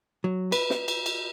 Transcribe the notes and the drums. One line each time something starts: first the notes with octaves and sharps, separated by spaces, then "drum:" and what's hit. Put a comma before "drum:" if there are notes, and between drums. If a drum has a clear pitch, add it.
F#3
B4, drum: cymbal
drum: snare
drum: cymbal
drum: cymbal